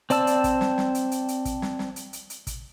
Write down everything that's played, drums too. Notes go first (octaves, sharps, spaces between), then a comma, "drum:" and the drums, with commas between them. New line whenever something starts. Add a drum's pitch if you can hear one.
C4 D5 A5 E6, drum: hi-hat
drum: hi-hat
drum: kick, hi-hat
drum: snare
drum: snare
drum: hi-hat
drum: hi-hat
drum: hi-hat
drum: kick, hi-hat
drum: snare
drum: snare
drum: hi-hat
drum: hi-hat
drum: hi-hat
drum: kick, hi-hat